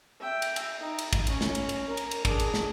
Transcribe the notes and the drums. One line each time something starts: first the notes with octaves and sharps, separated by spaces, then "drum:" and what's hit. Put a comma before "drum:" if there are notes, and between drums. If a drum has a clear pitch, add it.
E5 G5
drum: cymbal
drum: cymbal
D#4
drum: cymbal
drum: kick, cymbal
C#4, drum: cymbal
drum: snare
drum: cymbal
drum: cymbal
A#4
drum: cymbal
drum: cymbal
D4 G#4, drum: kick, cymbal
drum: cymbal
drum: snare